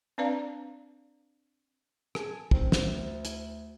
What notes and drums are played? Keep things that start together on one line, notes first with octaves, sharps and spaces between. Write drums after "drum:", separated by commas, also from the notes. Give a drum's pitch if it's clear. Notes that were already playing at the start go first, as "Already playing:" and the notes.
C4 D4 B4 D5 F5 A#5
G#4 A4, drum: rim click
D#3 C4, drum: kick
D2 C5, drum: snare
drum: hi-hat